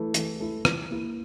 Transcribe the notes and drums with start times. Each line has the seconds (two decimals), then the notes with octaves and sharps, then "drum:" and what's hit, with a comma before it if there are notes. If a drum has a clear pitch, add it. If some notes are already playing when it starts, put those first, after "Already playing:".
Already playing: E3 A3 E4
0.14 E3, drum: hi-hat
0.40 A3 E4
0.65 E3, drum: rim click
0.91 A#3 E4